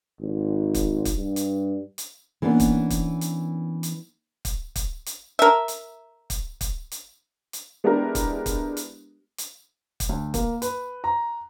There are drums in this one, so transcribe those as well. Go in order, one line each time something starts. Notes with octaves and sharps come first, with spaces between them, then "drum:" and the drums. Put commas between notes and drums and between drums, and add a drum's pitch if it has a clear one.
G#1
drum: kick, hi-hat
drum: kick, hi-hat
G2
drum: hi-hat
drum: hi-hat
E3 A#3 B3 C#4 D4
drum: kick, hi-hat
drum: kick, hi-hat
drum: hi-hat
drum: hi-hat
drum: kick, hi-hat
drum: kick, hi-hat
drum: hi-hat
A#4 E5
drum: hi-hat
drum: kick, hi-hat
drum: kick, hi-hat
drum: hi-hat
drum: hi-hat
G#3 B3 D4 E4 G4 A#4
drum: kick, hi-hat
drum: kick, hi-hat
drum: hi-hat
drum: hi-hat
drum: kick, hi-hat
D2
A#3, drum: kick, hi-hat
B4, drum: hi-hat
A#5